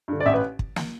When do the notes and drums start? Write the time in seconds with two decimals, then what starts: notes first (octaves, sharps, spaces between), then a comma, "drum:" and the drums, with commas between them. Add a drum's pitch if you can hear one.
0.08 G2 D3
0.20 D5
0.26 A1 E5
0.34 B4
0.59 drum: kick
0.76 drum: snare